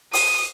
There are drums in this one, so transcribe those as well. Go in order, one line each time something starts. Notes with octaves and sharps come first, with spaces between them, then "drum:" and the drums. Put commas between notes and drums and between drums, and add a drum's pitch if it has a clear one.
D#6, drum: open hi-hat